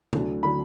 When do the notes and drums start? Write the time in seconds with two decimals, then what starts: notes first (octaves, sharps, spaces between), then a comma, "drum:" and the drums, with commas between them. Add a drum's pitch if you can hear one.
0.13 D2 D3 F#3, drum: tom
0.43 D3 F#3 B5